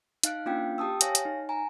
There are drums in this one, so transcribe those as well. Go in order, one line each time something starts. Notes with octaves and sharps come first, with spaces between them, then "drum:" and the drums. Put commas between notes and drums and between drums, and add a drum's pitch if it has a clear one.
D#4 F5 F#6 D7, drum: hi-hat
A#3 C#4 D4 F4 F5 G5
G4 G5 A5 D#6 E6
C#5 F5 G#5 A#6, drum: hi-hat
drum: hi-hat
D#4
G#5 A#5